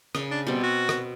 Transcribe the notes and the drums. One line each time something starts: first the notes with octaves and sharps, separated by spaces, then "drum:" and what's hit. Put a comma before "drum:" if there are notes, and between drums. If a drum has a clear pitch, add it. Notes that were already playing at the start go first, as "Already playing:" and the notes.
C#3, drum: rim click
D4
B2 G3 C4
F#4
drum: rim click